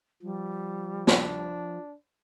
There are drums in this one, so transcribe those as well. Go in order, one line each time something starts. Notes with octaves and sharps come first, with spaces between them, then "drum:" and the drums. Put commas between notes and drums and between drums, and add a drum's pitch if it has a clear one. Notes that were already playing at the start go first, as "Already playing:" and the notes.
F3 G3
D4, drum: snare